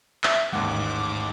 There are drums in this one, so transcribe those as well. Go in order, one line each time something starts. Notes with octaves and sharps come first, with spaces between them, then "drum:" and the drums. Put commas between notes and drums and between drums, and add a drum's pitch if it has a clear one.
E5, drum: clap
A1 D#2 G#2 F#5 D6